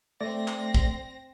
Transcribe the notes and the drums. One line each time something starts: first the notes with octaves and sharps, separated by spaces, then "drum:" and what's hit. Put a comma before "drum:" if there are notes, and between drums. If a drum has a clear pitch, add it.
A3 C4 D5 A#6
drum: clap
drum: kick